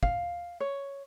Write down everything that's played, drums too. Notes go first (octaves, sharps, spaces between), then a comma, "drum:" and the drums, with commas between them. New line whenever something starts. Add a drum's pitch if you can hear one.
F5, drum: kick
C#5